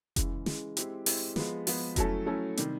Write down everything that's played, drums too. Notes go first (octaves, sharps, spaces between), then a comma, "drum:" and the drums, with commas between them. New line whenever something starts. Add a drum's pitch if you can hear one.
C#3 E3 G#3, drum: kick F1, hi-hat
C#3 E3 G#3, drum: snare
G#3 C4 E4 G4, drum: hi-hat
G#3 C4 E4 G4, drum: open hi-hat
F3 G#3 B3, drum: snare
F3 G#3 B3, drum: open hi-hat
F#3 A3 C#4 E4 A4, drum: kick F1, hi-hat
F#3 A3 C#4 E4 A4
C3 D#3 G3, drum: hi-hat